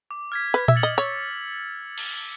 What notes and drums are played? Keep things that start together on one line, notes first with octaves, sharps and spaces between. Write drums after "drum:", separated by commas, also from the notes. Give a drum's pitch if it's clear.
D6
F6 G#6 B6
B4 F6
E5, drum: tom A#2
A6 C#7 F#7
D#5
C#5 E6
drum: cymbal